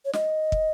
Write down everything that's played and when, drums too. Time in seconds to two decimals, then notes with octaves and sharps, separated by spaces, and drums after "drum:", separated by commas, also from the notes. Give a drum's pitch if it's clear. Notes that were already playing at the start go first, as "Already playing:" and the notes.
0.05 C#5
0.13 D#5, drum: snare
0.52 drum: kick